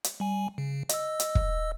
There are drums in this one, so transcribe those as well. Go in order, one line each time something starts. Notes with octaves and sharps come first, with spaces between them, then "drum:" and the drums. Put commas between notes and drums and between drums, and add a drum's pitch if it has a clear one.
drum: hi-hat
G3 G#5
C#3
D#5 E6, drum: hi-hat
drum: hi-hat
drum: kick